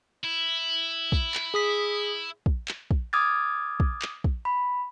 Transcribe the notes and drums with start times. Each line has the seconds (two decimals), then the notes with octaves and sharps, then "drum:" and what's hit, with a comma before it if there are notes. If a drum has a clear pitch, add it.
0.24 E4
1.12 drum: kick
1.34 drum: clap
1.54 G#4 D#6 B6
2.46 drum: kick
2.68 drum: clap
2.91 drum: kick
3.13 D6 D#6 F6 G#6 A6
3.80 drum: kick
4.02 drum: clap
4.24 drum: kick
4.45 B5